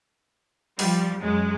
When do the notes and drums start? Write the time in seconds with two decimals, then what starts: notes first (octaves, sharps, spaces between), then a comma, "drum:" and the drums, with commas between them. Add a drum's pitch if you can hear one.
0.79 F3 G3, drum: open hi-hat
1.21 F#2 F#3 G#3